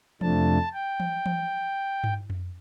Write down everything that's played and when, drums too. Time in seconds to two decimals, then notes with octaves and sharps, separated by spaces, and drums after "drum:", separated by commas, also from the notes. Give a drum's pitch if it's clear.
0.21 F2 C3 F3 A3 D4 A5, drum: tom E3
0.74 G5
1.00 drum: tom E3
1.26 drum: tom E3
2.04 drum: tom G2
2.30 drum: tom F2